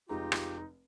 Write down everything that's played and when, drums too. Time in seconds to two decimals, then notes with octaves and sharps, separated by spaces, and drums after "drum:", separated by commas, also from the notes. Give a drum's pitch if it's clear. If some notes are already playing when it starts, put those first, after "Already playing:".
0.09 F1 G#3 D#4 F4 G4 A#5
0.32 drum: rim click